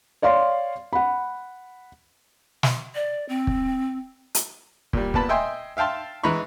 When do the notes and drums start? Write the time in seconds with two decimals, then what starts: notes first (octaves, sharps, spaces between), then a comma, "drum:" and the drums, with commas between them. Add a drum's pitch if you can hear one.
0.22 C#5 D5 F5 C6
0.93 F#5 B5
2.63 drum: snare
2.95 D5
3.29 C4
3.47 drum: kick
4.35 drum: hi-hat
4.93 A#2 G3, drum: kick
5.14 A#2 B3 A5 B5, drum: kick
5.29 D#5 E5 G5 G#5 C6
5.77 E5 F5 G5 A5 C6
6.23 E3 G#3 A#5 B5 C#6